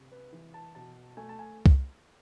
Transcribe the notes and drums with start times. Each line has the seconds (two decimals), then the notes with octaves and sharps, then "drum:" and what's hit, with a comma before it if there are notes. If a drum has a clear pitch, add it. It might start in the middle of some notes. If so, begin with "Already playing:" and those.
Already playing: C3
0.11 B4
0.33 E3
0.54 A5
0.75 B2 A5
1.17 A3 G#5
1.29 A5
1.39 G#5
1.66 drum: kick